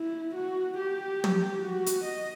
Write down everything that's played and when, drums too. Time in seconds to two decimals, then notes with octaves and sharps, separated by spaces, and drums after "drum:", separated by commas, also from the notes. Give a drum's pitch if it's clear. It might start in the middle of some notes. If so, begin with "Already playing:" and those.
Already playing: E4
0.36 F#4
0.78 G4
1.24 drum: tom
1.63 F#4
1.86 drum: hi-hat
2.05 D#5